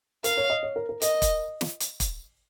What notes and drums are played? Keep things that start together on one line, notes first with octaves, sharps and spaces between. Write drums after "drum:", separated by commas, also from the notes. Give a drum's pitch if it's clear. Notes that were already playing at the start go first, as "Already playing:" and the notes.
A#4 F5, drum: hi-hat
C#5
D#5
C#5
A#4
A#4
A#4 D#5, drum: hi-hat
drum: kick, hi-hat
drum: snare
drum: hi-hat
drum: kick, hi-hat